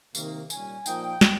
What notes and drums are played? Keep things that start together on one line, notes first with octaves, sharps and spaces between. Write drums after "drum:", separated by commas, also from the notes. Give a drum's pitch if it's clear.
C3 D#3 A#3, drum: tambourine
A#2 G3 C#4 G#5, drum: tambourine
A#2 F3 A#3 D#4 G5, drum: tambourine
drum: snare